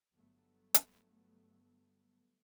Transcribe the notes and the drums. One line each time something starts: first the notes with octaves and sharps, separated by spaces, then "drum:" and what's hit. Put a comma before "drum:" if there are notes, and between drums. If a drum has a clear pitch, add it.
G1 G2 F#3 A3 B3
drum: hi-hat